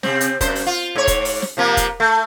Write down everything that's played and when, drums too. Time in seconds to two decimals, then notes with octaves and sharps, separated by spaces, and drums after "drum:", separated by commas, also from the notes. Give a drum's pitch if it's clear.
0.03 C3 C4, drum: snare
0.21 drum: hi-hat
0.41 F#2 C5, drum: kick, hi-hat
0.55 drum: open hi-hat
0.67 F4
0.96 G#2 C#5
1.07 drum: kick, hi-hat
1.25 drum: open hi-hat
1.42 drum: snare
1.57 C3 F3 A#3
1.77 drum: kick, hi-hat
2.00 A3